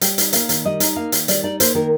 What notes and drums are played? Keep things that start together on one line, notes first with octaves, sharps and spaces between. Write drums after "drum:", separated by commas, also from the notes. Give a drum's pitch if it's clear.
G3 G5, drum: hi-hat
D#4, drum: hi-hat
A#3 F5, drum: hi-hat
D#3, drum: hi-hat
G3 D#5
D#4, drum: hi-hat
A#3 F5
D#3, drum: hi-hat
G3 D5, drum: hi-hat
D#4 D5
A#3 C5, drum: hi-hat
D#3 A#4